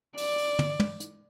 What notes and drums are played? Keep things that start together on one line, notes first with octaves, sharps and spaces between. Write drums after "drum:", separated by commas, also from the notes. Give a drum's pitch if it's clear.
D5, drum: open hi-hat
drum: open hi-hat
drum: tom
drum: tom
drum: hi-hat